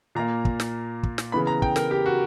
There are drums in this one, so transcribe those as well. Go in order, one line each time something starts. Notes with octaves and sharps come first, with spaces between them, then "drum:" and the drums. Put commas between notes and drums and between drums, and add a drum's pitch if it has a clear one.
A#2 A#3 A#5
drum: kick
drum: snare
drum: kick
drum: snare
C#3 E3 B3 B5
A#5
G5, drum: kick
A#4, drum: snare
G4
F#4